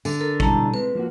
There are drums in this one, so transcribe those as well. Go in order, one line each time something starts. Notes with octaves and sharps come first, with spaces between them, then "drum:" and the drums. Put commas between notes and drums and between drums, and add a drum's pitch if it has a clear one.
D3, drum: tambourine
A4 A#4
B2 G3 G#3 E4 A5 A#5, drum: kick
G#3 C4 B4
F3 A#3 F#4